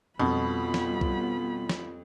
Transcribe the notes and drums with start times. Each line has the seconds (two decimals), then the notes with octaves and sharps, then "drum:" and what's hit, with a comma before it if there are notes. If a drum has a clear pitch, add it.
0.19 F2 B2 G3 B3 C#4 F4 B5
0.74 drum: snare
1.01 drum: kick B1
1.69 drum: snare